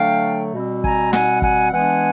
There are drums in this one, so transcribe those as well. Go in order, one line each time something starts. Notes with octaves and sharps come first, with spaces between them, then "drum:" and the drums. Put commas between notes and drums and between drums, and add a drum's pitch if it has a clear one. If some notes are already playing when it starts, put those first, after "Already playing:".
Already playing: D3 F#3 A3 D4 F5 G5
B2 G3 C4
G#5 A#5, drum: kick
F#5 G#5, drum: snare
F#5 G#5, drum: kick
E3 G#3 B3 D4 F#5 G#5